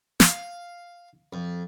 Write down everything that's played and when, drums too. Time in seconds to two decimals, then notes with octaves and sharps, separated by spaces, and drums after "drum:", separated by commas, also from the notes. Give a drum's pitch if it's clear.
0.20 F5, drum: snare
1.33 F2